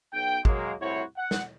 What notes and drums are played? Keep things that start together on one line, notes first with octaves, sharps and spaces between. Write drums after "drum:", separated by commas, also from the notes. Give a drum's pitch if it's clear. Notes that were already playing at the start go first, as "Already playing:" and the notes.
B1 G5
F#3 G#3 A#3, drum: kick
C2 A2 E4 F#4 C5 C#5
F#5
drum: snare